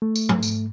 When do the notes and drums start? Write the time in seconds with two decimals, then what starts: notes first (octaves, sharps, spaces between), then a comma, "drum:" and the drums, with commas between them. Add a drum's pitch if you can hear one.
0.02 A3
0.15 drum: tambourine
0.29 drum: tom
0.43 drum: tambourine